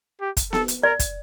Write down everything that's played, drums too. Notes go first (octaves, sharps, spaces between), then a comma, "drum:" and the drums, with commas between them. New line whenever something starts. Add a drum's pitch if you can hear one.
G4
drum: kick, hi-hat
A4, drum: snare B3
drum: hi-hat
A#4 D5
drum: kick, hi-hat